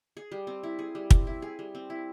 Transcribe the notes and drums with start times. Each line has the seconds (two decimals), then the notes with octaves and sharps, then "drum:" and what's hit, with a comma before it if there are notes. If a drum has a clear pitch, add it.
0.17 G#4
0.32 G3
0.47 C4
0.63 E4
0.79 G#4
0.95 G3
1.11 C4, drum: kick
1.27 E4
1.42 G#4
1.59 G3
1.75 C4
1.90 E4